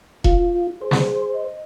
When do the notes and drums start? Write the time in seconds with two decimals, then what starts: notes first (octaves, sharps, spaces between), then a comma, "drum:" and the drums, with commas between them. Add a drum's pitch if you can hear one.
0.24 F4, drum: kick E1
0.82 G#4 C5
0.91 drum: snare
1.34 D#5